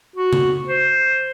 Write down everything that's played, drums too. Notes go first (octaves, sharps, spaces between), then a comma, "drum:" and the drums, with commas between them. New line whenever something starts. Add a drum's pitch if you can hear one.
F#4
drum: tom C#3
C5